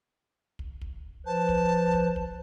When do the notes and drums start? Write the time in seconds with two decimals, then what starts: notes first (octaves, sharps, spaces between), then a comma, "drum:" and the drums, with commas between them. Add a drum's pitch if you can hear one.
0.59 drum: kick
0.81 drum: kick
1.26 F3 B4 C5 A5
1.49 drum: kick
1.94 drum: kick
2.16 drum: kick